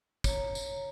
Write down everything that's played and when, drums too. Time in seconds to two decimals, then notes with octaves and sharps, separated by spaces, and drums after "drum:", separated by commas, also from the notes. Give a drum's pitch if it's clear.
0.24 C#5 A#5, drum: kick, tambourine
0.55 drum: tambourine